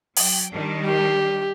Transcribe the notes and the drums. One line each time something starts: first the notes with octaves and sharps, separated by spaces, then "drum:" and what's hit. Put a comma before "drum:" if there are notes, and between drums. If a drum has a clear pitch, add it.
F#3 G5, drum: open hi-hat
D#3 G3 D4
G4